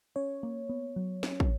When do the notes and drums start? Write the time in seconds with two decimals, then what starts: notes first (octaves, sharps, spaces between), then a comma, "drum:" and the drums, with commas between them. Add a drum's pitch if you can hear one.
0.16 C#4 C#5
0.43 A#3
0.69 B3
0.96 F#3
1.23 C#4, drum: snare
1.40 drum: kick